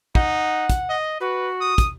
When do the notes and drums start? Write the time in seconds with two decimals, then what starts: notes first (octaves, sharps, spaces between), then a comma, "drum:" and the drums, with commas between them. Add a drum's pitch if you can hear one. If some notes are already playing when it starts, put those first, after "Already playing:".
0.15 D#4 F#5, drum: kick
0.70 drum: kick, hi-hat
0.89 D#5
1.20 F#4 B4
1.61 D#6
1.78 drum: kick, hi-hat